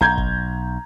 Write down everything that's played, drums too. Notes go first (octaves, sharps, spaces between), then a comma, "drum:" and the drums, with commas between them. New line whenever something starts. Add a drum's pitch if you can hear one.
B1 A#5 G6 G#6
drum: kick G1